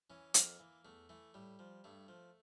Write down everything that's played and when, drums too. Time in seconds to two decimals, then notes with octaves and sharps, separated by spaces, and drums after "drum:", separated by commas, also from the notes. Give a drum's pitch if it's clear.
0.10 E3 C#4
0.34 F2 A#3, drum: hi-hat
0.60 E3
0.85 E2 A3
1.09 E3 A3
1.34 A2 G3
1.59 F3
1.84 G2 A3
2.08 F3